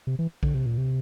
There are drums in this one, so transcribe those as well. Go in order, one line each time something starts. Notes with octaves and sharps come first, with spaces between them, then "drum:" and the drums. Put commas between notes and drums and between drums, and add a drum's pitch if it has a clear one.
C3
E3
D3, drum: kick A#1
C3
A#2
C3